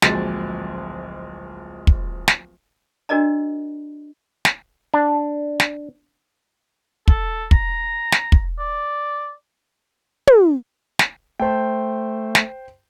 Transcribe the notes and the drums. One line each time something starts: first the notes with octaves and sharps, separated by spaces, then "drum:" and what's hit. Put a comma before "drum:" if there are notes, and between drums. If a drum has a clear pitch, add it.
D1 A#1 G#3 A6, drum: snare
drum: kick
drum: snare
D4 F#4 A#4 D5 D#5 A#5
drum: snare
D4
drum: snare
A4, drum: kick
A#5, drum: kick
drum: snare
drum: kick
D5
drum: tom
drum: snare
A3 C5 G5
drum: snare